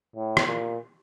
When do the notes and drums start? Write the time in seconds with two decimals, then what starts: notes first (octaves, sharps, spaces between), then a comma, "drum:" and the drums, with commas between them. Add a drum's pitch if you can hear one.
0.16 A2
0.37 drum: rim click
0.46 A#2